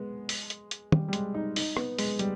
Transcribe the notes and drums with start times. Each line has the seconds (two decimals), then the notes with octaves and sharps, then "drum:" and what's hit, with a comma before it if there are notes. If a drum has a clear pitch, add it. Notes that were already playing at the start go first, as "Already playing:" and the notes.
Already playing: G#3 B3
0.29 drum: open hi-hat
0.50 drum: hi-hat
0.71 drum: hi-hat
0.92 G3, drum: tom
1.08 G3
1.13 G#3, drum: hi-hat
1.34 D#4
1.56 D#4, drum: open hi-hat
1.77 B3, drum: rim click
1.99 G#3, drum: open hi-hat
2.19 G3, drum: hi-hat